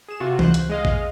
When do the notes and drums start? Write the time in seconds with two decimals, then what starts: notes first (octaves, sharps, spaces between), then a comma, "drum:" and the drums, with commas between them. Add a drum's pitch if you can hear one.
0.08 G#4 E7
0.20 C3 F4 F#4
0.39 C#2 C5 F#6, drum: tom E3
0.54 drum: hi-hat
0.69 G#3 D#5 F5
0.85 drum: kick